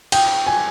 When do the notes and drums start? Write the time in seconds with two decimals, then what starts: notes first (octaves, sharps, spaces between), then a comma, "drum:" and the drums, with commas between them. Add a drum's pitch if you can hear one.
0.12 G5, drum: cymbal
0.47 G#5